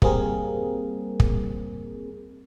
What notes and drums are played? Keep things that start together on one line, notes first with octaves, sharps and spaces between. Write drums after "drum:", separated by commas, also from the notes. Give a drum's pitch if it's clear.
G3 A#3 C4 G#4 A#4, drum: kick
drum: kick